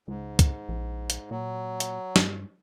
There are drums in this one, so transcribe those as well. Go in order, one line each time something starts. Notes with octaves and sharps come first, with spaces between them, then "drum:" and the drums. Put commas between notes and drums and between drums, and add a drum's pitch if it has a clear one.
C#2 G#2
drum: kick, hi-hat
A#1
drum: hi-hat
A#2 F#3
drum: hi-hat
G2, drum: snare